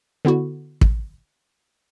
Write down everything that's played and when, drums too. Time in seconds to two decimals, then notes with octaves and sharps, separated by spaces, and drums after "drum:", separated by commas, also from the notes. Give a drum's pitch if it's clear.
0.25 D3 B3 E4 F#4
0.81 drum: kick